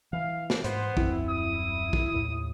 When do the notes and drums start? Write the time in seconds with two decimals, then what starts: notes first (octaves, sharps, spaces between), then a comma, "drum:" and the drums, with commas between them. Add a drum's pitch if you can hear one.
0.13 E3 F5
0.50 drum: snare
0.64 G#2 B3 C5, drum: hi-hat
0.97 D#1 F#2 C4 E4, drum: kick
1.29 D#6
1.93 drum: kick
2.14 D#2 A2